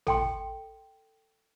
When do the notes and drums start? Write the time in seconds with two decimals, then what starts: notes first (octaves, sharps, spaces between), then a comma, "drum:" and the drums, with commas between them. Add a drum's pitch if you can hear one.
0.07 A4 G5 C6, drum: tom